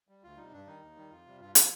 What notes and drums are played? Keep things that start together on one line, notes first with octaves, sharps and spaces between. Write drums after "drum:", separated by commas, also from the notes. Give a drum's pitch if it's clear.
G3
D2 F4
C3 G3 D#4
G2 D4
D#3 G3 D#4
D#2
D#3 G3
F2 F4
C3 G3
G2 F4
F3 F4, drum: hi-hat